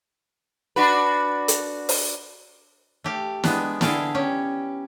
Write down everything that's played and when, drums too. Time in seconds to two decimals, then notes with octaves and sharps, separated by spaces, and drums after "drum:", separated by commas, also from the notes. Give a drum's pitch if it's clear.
0.76 D4 F#4 B4
1.48 drum: hi-hat
1.89 drum: open hi-hat
3.04 A3 G4 F5
3.44 G#3 B3 D4, drum: snare
3.81 D3 E4 G#4 F5 G5 A5, drum: snare
4.15 C#4 G4